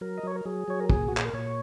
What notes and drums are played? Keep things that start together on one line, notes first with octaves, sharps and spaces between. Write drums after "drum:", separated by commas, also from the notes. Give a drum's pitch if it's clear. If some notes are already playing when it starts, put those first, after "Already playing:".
F#3 A#4
D#5
F#3 C#5
A#4
F#3 G#4
F#3 C#5
A#4
A#2 G#4, drum: kick
F#4
A#2
G#4, drum: clap
A#4
A#2 C#5